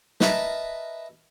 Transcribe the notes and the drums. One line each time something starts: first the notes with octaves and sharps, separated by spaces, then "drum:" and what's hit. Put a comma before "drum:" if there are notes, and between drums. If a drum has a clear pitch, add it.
A#4 B4 D#5 E5 A5 A#5, drum: snare